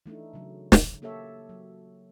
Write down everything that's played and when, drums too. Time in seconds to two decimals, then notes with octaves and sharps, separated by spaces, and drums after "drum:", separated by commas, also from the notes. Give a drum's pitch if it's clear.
0.06 E3 A3 D4 D#4
0.33 C#3 F#3
0.72 drum: snare
1.02 A#3 G4 A4 C#5 E5
1.49 F#3